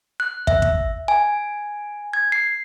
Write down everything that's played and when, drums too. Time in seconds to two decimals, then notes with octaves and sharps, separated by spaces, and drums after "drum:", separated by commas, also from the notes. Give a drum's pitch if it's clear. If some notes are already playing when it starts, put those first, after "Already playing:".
0.20 F#6
0.47 E5, drum: kick
0.62 drum: kick
1.08 G#5
2.13 G#6
2.32 C7